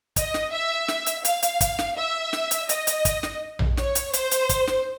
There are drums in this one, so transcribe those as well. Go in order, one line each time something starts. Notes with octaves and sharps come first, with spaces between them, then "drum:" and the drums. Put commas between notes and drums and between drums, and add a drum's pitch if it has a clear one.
D#5, drum: kick, hi-hat
drum: snare
E5
drum: snare
drum: hi-hat
F5, drum: hi-hat
drum: hi-hat
drum: kick, hi-hat
drum: snare
E5
drum: snare
drum: hi-hat
D#5, drum: hi-hat
drum: hi-hat
drum: kick, hi-hat
drum: snare
drum: tom A#1
C#5, drum: snare
drum: hi-hat
C5, drum: hi-hat
drum: hi-hat
drum: kick, hi-hat
drum: snare